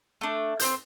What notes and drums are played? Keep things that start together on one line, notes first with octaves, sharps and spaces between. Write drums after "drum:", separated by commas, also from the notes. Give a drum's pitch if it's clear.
A3 D4
C4 C5 G6, drum: hi-hat